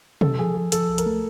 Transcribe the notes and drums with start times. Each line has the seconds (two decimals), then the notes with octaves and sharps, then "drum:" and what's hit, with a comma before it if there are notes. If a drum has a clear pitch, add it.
0.21 C#4 A4, drum: tom
0.39 F3 G#4
0.55 F3 G#4
0.72 F3 A4, drum: hi-hat
0.89 C#2
0.98 A#4, drum: hi-hat
1.06 A3